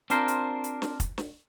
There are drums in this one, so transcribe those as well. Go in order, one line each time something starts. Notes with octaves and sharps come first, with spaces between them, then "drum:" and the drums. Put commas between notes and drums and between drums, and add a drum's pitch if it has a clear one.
C4 D4 F4 A#4 C5, drum: hi-hat
drum: hi-hat
drum: hi-hat
drum: snare
drum: kick, hi-hat
drum: snare